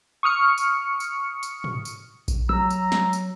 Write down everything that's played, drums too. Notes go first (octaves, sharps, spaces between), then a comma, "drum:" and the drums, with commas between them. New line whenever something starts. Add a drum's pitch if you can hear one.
C#6 D#6 F6 C#7
drum: tambourine
drum: tambourine
drum: tambourine
drum: tom
drum: tambourine
drum: kick A#1, tambourine
F#3 A#5 E6
drum: tambourine
drum: snare
drum: tambourine